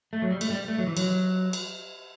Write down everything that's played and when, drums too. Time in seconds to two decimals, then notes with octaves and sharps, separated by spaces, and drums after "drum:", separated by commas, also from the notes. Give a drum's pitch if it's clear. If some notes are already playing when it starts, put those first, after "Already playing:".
0.13 A3
0.22 F#3
0.30 G3
0.41 A3, drum: cymbal
0.50 G3
0.68 A3
0.79 F#3
0.87 E3
0.97 F#3, drum: cymbal
1.53 drum: cymbal